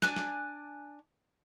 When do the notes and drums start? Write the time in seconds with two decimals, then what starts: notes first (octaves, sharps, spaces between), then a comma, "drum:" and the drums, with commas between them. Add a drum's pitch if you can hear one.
0.02 D4 D5 G#5 F#6, drum: snare
0.16 drum: snare